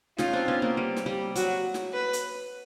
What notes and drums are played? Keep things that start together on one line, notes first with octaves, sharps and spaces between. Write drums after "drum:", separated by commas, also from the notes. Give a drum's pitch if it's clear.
C#4 D#4 F4, drum: snare
C4 D4
B3 C#4
A#3 C4
G3
drum: snare
G3
F#3 F#4, drum: hi-hat
drum: snare
B4
drum: hi-hat